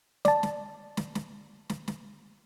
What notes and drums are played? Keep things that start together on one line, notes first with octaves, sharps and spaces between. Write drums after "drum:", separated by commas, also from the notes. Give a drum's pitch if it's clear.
D5 A5, drum: snare
drum: snare
drum: snare
drum: snare
drum: snare
drum: snare